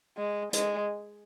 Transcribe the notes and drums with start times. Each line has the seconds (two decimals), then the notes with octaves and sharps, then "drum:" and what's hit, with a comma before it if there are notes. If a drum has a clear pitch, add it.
0.17 G#3
0.53 G#3, drum: hi-hat